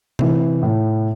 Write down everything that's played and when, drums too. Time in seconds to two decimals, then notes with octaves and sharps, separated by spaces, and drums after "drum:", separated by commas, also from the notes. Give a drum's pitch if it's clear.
0.19 C3 E3, drum: tom C3
0.63 A2